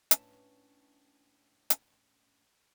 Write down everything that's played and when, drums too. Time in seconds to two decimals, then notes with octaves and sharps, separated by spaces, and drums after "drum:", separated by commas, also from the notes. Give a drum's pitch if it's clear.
0.11 A2 C#4 D4 B4 E5 A5, drum: hi-hat
1.70 drum: hi-hat